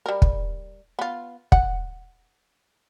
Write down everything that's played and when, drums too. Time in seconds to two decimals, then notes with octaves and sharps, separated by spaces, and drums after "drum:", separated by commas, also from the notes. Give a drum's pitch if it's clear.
0.06 G3 A#4
0.22 drum: kick
0.99 B3 F4
1.52 F#5, drum: kick